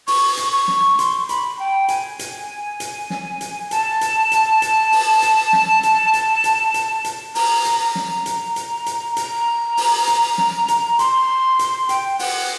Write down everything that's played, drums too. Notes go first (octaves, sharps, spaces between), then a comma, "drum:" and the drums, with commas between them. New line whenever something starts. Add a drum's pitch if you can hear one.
C#6, drum: open hi-hat
drum: hi-hat
C#6
drum: snare
C6, drum: hi-hat
B5, drum: hi-hat
G5
G#5, drum: hi-hat
drum: hi-hat
drum: hi-hat
drum: snare
drum: hi-hat
A5, drum: hi-hat
drum: hi-hat
drum: hi-hat
drum: hi-hat
drum: open hi-hat
drum: hi-hat
drum: snare
drum: hi-hat
drum: hi-hat
drum: hi-hat
drum: hi-hat
drum: hi-hat
A#5, drum: open hi-hat
drum: hi-hat
A#5
drum: snare
drum: hi-hat
drum: hi-hat
drum: hi-hat
A#5, drum: hi-hat
drum: open hi-hat
drum: hi-hat
drum: snare
drum: hi-hat
C6, drum: hi-hat
drum: hi-hat
G5, drum: hi-hat
F#5, drum: open hi-hat